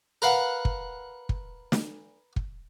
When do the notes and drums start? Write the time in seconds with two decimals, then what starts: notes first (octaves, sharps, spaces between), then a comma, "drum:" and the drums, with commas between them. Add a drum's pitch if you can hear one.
0.22 A#4 B4 F5 F#5
0.65 drum: kick
1.29 drum: kick
1.72 drum: snare
2.36 drum: kick